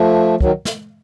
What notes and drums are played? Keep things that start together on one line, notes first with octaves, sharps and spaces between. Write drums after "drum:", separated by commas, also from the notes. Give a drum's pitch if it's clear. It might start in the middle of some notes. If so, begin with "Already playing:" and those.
Already playing: F3 A3
D#3 F#3, drum: kick
drum: snare